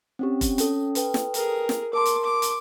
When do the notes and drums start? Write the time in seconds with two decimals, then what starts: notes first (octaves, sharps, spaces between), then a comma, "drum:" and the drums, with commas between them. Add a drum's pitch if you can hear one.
0.19 C4 C#4 G4
0.41 drum: kick F1, hi-hat
0.58 C#4 A4, drum: hi-hat
0.95 A4 B4 G5, drum: hi-hat
1.14 drum: snare
1.34 G#4 A#4, drum: hi-hat
1.69 drum: snare
1.93 A#4 A5 C6 D6
2.05 drum: hi-hat
2.24 D6
2.42 drum: hi-hat